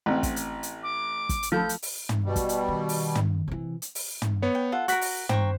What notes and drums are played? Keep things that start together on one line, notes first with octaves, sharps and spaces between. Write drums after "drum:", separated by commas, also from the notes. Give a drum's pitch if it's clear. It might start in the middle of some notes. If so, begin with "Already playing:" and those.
A1 C4 C#4 F#5
drum: kick, hi-hat
drum: hi-hat
drum: hi-hat
D6
drum: kick, hi-hat
drum: hi-hat
F3 A3 A4 B5 G6
drum: hi-hat
drum: open hi-hat
drum: tom
B2 G3
drum: kick, hi-hat
drum: hi-hat
D#3
drum: open hi-hat
drum: tom
C3 E3
drum: hi-hat
drum: open hi-hat
drum: tom
B3 C#5
G5
F4 A4 F#5
F#4 A#4 C#6 F#6 B6, drum: hi-hat
drum: open hi-hat
C5 G5 A#5 C#6, drum: tom